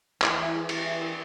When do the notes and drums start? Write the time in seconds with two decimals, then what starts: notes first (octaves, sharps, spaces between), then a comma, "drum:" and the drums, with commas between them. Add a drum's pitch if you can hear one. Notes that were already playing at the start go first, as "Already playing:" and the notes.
0.22 E3 E4, drum: clap
0.38 E5
0.54 G#4
0.69 E3 G4, drum: cymbal
0.86 E5
1.02 A#4